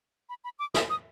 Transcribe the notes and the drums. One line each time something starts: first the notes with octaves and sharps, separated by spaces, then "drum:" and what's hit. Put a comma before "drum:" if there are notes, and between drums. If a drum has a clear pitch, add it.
B5
B5
D6
D#6, drum: snare
D#6